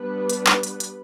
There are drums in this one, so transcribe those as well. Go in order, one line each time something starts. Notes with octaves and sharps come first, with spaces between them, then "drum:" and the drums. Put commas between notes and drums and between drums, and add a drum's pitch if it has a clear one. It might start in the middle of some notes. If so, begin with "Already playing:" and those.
Already playing: G3 B3 D4 B4
drum: hi-hat
drum: clap
drum: hi-hat
drum: hi-hat